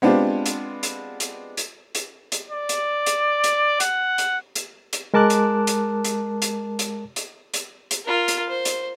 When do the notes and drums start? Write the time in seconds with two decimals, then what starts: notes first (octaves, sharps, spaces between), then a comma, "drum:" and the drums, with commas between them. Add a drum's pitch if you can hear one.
0.02 G#3 B3 C4 D4 F4 G4
0.46 drum: hi-hat
0.83 drum: hi-hat
1.20 drum: hi-hat
1.57 drum: hi-hat
1.95 drum: hi-hat
2.32 drum: hi-hat
2.51 D5
2.69 drum: hi-hat
3.06 drum: hi-hat
3.44 drum: hi-hat
3.80 F#5, drum: hi-hat
4.18 drum: hi-hat
4.55 drum: hi-hat
4.93 drum: hi-hat
5.14 G#3 A#4 A5 D6 F#6
5.30 drum: hi-hat
5.67 drum: hi-hat
6.05 drum: hi-hat
6.42 drum: hi-hat
6.79 drum: hi-hat
7.16 drum: hi-hat
7.54 drum: hi-hat
7.91 drum: hi-hat
8.05 F4 A#4
8.28 drum: hi-hat
8.49 C5
8.65 drum: hi-hat